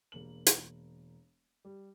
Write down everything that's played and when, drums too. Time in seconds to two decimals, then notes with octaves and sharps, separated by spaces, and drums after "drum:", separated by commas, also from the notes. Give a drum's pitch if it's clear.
0.12 E1 A#3 F#7
0.47 drum: hi-hat
1.65 G3